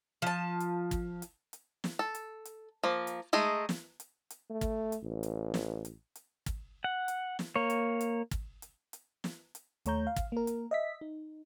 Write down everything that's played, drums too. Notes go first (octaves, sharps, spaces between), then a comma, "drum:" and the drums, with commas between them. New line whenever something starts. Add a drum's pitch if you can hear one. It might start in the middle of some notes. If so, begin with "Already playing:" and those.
F3 A5
drum: hi-hat
drum: kick, hi-hat
drum: hi-hat
drum: hi-hat
drum: snare
A4
drum: hi-hat
drum: hi-hat
F3 A#3
drum: hi-hat
G#3 A3 D#4 G#4
drum: snare
drum: hi-hat
drum: hi-hat
A3
drum: kick, hi-hat
drum: hi-hat
A1
drum: hi-hat
drum: snare
drum: hi-hat
drum: hi-hat
drum: kick, hi-hat
F#5
drum: hi-hat
drum: snare
A#3 C#5
drum: hi-hat
drum: hi-hat
drum: kick, hi-hat
drum: hi-hat
drum: hi-hat
drum: snare
drum: hi-hat
D#2 A3 C#5 A#5 G6, drum: hi-hat
F5
drum: kick, hi-hat
A#3 A#4
drum: hi-hat
D#5 E5 B6
D#4